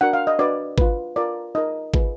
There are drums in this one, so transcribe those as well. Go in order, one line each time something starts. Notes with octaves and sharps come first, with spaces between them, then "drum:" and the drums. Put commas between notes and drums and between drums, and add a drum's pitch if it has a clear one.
D4 F#4 A#4 F#5
F5
D#5
D4 F#4 B4 D5
F4 B4, drum: kick G#1
F4 A#4 D5
D#4 A#4 D#5
F4 G#4 B4, drum: kick G#1